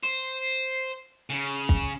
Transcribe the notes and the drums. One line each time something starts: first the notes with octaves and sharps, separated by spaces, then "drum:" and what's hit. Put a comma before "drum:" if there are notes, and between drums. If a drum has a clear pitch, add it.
C5
C#3
drum: kick